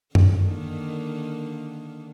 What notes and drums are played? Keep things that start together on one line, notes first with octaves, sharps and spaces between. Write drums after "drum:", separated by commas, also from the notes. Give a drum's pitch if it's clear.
D3 D#3 A#3, drum: tom F#2